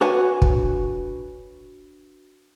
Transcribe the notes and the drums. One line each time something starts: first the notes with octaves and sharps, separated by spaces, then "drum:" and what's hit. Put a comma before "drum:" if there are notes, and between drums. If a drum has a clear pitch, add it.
D4 F#4 B4 C#5 F#5 G#5
drum: kick